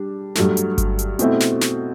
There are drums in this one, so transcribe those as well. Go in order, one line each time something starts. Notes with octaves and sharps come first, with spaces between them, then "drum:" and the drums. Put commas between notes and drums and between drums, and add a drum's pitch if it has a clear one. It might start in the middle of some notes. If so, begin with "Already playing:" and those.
Already playing: G3 D4
G2 F#3 A3, drum: snare
drum: hi-hat
drum: kick G1, hi-hat
drum: hi-hat
B2 A3 C4 E4, drum: hi-hat
drum: snare
drum: snare